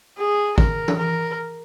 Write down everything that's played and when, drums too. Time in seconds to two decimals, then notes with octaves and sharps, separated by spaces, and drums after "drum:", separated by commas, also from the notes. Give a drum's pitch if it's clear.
0.18 G#4
0.58 A#4, drum: kick
0.88 drum: tom E3
0.98 A#4